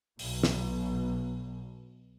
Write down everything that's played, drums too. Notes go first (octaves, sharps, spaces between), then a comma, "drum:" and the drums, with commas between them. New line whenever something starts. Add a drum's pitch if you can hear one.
B1 B2, drum: open hi-hat
drum: snare